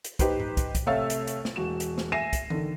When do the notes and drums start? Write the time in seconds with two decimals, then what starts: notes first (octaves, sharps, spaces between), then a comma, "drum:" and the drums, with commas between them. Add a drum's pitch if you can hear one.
0.04 drum: hi-hat
0.19 D#4 G4 B4 C5, drum: kick, hi-hat
0.40 drum: tom G2
0.57 drum: kick, hi-hat
0.75 drum: kick, hi-hat
0.86 C3 A3 C#5 F5 E6 A6
1.10 drum: hi-hat
1.27 drum: hi-hat
1.45 drum: snare
1.56 E1 F#4 E7
1.80 drum: hi-hat
1.98 drum: snare
2.12 E5 G#5 A#6 C7 D#7 E7
2.33 drum: kick, hi-hat
2.50 D3 D#3, drum: tom E3